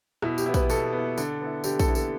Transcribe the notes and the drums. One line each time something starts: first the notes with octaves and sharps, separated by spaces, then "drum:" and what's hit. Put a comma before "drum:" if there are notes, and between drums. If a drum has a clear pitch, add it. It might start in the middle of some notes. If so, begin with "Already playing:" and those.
B2 E4, drum: rim click
G4, drum: tambourine
B3 E4
B4, drum: kick, tambourine
B2 A4, drum: tambourine
B3 E4
D3, drum: tambourine
B3 E4
D3 G4, drum: tambourine
A4, drum: kick, tambourine
B3 E4
A4, drum: tambourine